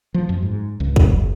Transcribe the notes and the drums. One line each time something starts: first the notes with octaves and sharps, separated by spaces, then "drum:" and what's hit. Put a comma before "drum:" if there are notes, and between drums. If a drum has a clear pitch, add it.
F3
F#2
G#2
C#2
F1, drum: kick
F#1